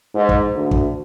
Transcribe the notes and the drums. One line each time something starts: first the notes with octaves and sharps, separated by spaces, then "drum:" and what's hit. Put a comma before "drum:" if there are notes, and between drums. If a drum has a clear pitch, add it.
G#2
drum: kick
D2
drum: kick